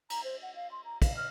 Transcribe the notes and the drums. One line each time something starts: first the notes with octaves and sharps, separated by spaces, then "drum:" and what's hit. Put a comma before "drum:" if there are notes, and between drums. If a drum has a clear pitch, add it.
A#5, drum: cymbal
C5
F#5
F5
C6
A#5
F5, drum: kick, cymbal
F6